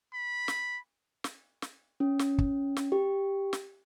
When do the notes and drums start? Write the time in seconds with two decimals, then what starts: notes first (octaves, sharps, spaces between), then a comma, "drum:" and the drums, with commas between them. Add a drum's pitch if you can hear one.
0.13 B5
0.48 drum: snare
1.24 drum: snare
1.62 drum: snare
2.00 C#4
2.19 drum: snare
2.38 drum: kick
2.77 drum: snare
2.92 G4
3.53 drum: snare